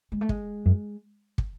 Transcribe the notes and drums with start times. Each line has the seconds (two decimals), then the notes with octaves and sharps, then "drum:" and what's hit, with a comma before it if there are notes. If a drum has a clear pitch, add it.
0.12 G#3
0.21 A3
0.29 G#3, drum: kick
0.66 F#2
1.38 drum: kick